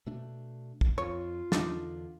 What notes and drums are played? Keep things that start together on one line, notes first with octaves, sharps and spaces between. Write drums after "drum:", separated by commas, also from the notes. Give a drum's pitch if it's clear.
B2 A3 D4
drum: kick
F2 F4 C#5
E2 D3 D4 D#4, drum: snare